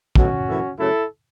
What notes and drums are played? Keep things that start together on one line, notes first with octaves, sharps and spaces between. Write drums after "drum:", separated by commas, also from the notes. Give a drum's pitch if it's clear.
B2 F#3 A3 C#4 F#4, drum: kick
F#2 E3 A3
F#2 C#3 F#3 A3 E4 A4